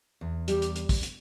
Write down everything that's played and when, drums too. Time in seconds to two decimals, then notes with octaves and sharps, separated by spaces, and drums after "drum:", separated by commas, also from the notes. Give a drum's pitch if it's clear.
0.21 E2
0.48 G3 G4, drum: hi-hat
0.62 drum: hi-hat
0.76 drum: hi-hat
0.89 drum: kick, open hi-hat
1.03 drum: hi-hat